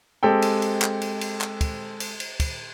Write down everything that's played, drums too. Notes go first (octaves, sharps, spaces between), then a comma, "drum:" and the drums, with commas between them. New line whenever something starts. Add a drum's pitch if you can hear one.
G#3 C4 G4 A4 G5
drum: cymbal
drum: cymbal
drum: clap
drum: cymbal
drum: cymbal
drum: clap
drum: kick, cymbal
drum: cymbal
drum: cymbal
drum: kick, cymbal